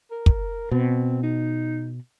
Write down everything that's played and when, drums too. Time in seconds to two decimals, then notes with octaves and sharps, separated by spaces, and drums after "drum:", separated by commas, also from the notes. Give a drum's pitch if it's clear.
0.11 A#4
0.26 drum: kick
0.71 B2 C4
1.23 D#4